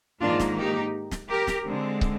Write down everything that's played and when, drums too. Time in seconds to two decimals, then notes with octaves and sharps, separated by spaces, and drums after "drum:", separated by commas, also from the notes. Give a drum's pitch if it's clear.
0.21 G#2 D#3 A#3 D4 F4
0.40 drum: snare
0.57 D#4 G4
1.11 drum: snare
1.29 G4 A#4
1.47 drum: snare
1.66 D3 G#3 C4
2.01 drum: kick